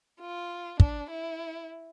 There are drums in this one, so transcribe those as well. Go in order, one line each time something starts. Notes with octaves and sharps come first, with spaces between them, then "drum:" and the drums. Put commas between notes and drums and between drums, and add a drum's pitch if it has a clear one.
F4
D4, drum: kick
E4